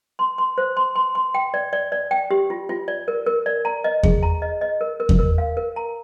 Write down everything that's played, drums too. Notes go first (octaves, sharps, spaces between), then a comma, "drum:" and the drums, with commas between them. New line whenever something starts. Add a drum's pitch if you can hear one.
C6
C6
C5
C6
C6
C6
G5
D5
D5
D5
G5
G4
F4
F4
D5
A#4
A#4
D5
A#5
D#5
G#4, drum: kick E2
A#5
D#5
D#5
A#4
A#4
drum: kick E2
A#4
F5
A#4
A#5